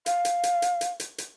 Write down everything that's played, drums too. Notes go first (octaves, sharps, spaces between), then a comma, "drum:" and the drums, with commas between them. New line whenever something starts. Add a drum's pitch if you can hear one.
F5, drum: hi-hat
drum: hi-hat
drum: hi-hat
drum: hi-hat
drum: hi-hat
drum: hi-hat
drum: hi-hat